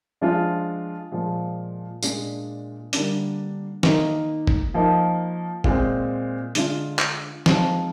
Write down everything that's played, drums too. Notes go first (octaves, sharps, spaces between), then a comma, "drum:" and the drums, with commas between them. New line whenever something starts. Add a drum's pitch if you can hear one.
F3 G#3 D4 F4
A#2 F3 G#3
A#2 G#3 D4, drum: tambourine
D3 G3 A#3 D4, drum: hi-hat
D#3 A#3 D#4, drum: snare
drum: kick
F3 A#3 D#4
A#2 G#3 C4, drum: kick
D3 G#3 D4 F4, drum: hi-hat
drum: clap
F3 G#3 C4 D#4, drum: snare